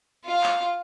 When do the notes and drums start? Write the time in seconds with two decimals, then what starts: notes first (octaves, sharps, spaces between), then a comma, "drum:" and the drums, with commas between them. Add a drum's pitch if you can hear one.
0.25 F4 F5
0.43 drum: clap